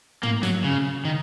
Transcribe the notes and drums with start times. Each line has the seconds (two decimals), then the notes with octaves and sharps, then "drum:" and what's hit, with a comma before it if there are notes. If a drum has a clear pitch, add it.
0.23 A#3, drum: tom
0.43 F#3, drum: snare
0.64 C#3
1.05 D#3